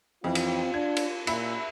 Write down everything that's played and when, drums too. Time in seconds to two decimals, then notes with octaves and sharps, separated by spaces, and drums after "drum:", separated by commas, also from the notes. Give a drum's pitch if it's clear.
0.24 F2 E3 C4 F4
0.35 drum: cymbal
0.74 D4 G#6
0.96 drum: cymbal
1.27 A#2 E4 E5 B5, drum: cymbal